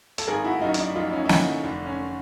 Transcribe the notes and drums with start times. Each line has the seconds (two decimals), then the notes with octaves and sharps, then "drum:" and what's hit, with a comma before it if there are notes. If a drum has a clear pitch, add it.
0.18 A4, drum: hi-hat
0.27 G#1 G#4 A#4
0.44 E4 F#4
0.61 F#2 D#4 F4
0.74 D#4, drum: hi-hat
0.79 D4
0.95 F3 D#4 F4
1.12 C#4 D#4
1.25 E4
1.29 D3 C#4 D#4, drum: snare
1.63 F1 D4
1.86 C#4